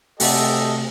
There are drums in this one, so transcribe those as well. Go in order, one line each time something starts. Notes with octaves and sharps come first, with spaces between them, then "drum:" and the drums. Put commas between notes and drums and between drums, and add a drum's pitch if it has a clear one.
C3 A3 F#4 G4 A4 D#5 E5, drum: open hi-hat